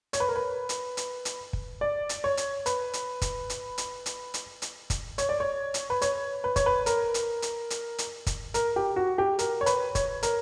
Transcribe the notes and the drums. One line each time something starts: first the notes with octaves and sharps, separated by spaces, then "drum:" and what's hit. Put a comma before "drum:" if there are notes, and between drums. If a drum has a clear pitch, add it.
C#5, drum: hi-hat
B4
A#4
B4
drum: hi-hat
drum: hi-hat
drum: hi-hat
drum: kick
D5
drum: hi-hat
C#5
drum: hi-hat
B4, drum: hi-hat
drum: hi-hat
drum: kick, hi-hat
drum: hi-hat
drum: hi-hat
drum: hi-hat
drum: hi-hat
drum: hi-hat
drum: kick, hi-hat
C#5, drum: hi-hat
D5
C#5
drum: hi-hat
B4
C#5, drum: hi-hat
B4
C#5, drum: kick, hi-hat
B4
A#4, drum: hi-hat
drum: hi-hat
drum: hi-hat
drum: hi-hat
drum: hi-hat
drum: kick, hi-hat
A#4, drum: hi-hat
G4
F#4
G4
A#4, drum: hi-hat
C#5
B4, drum: hi-hat
C#5, drum: kick, hi-hat
A#4, drum: hi-hat